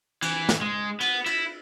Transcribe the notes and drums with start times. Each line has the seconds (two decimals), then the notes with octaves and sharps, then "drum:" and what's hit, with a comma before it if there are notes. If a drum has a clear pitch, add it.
0.22 E3, drum: cymbal
0.49 drum: snare
0.61 G#3
1.00 B3, drum: cymbal
1.26 E4, drum: cymbal